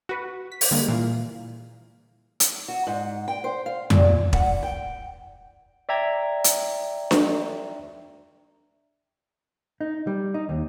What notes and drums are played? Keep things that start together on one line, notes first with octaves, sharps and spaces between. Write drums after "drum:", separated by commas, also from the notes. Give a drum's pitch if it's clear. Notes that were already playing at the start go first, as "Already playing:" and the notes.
F#4 B4
B6
drum: open hi-hat
D3 G3 G#3 A#3
A#2 E3 F5
drum: hi-hat
F#4
G#2
G5
C5
F5
A#2, drum: tom F2
F#5, drum: kick E1
G5
D5 E5 G5 A#5 G#6
drum: hi-hat
drum: snare D4
D#4
G3
D#4
D#2